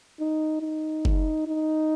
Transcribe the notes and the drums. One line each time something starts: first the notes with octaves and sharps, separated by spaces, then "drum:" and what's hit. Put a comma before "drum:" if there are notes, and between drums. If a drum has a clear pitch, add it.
D#4
D#4
drum: kick F#1
D#4